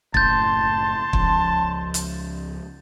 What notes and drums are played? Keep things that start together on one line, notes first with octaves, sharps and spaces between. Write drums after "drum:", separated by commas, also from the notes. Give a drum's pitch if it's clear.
F#1 A2 A5 C6 G6 A6, drum: kick
C#2 F3, drum: kick
drum: hi-hat